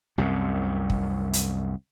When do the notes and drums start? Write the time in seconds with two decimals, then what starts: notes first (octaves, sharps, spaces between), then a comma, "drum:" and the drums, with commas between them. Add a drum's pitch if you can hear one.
0.18 C2 F#2 C3
0.90 drum: kick
1.33 drum: hi-hat